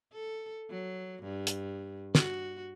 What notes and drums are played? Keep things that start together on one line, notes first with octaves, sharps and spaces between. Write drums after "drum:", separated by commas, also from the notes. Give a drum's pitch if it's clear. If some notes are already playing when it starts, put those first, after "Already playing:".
A4
F#3
G2
drum: hi-hat
F#4, drum: snare